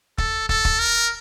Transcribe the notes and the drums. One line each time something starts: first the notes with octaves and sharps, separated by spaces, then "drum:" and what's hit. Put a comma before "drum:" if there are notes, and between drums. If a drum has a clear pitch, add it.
A4, drum: kick
A4, drum: kick
drum: kick
A#4